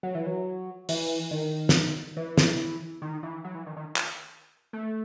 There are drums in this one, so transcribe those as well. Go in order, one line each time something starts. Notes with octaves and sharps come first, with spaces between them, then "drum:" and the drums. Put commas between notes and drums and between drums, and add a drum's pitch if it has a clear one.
F#3
E3
F#3
E3, drum: open hi-hat
D#3
drum: snare
E3
drum: snare
D#3
E3
F#3
E3
D#3
D#3
drum: clap
A3